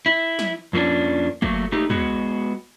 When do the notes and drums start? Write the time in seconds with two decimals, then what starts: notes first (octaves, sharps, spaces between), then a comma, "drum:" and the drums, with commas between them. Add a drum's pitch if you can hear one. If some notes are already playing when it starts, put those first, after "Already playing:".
0.06 E4
0.39 drum: snare
0.73 F2 F3 A#3 C#4 D4
1.42 F#3 A3 A#3, drum: kick
1.72 A3 A#3 D#4 G4
1.90 G#3 B3 F#4, drum: tom